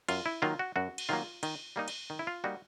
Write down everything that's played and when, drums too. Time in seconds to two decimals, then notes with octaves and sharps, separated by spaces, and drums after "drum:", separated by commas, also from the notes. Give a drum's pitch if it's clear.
0.09 F#2 F4, drum: cymbal
0.26 E4
0.42 D#3 F#3 A#3 F4
0.59 F#4
0.76 F#2 F#4
0.98 drum: cymbal
1.09 D#3 F#3 A#3 F4
1.43 D#3, drum: cymbal
1.76 G3 A#3 D#4
1.88 drum: cymbal
2.10 D#3
2.19 E4
2.27 F4
2.44 G3 A#3 D#4 F#4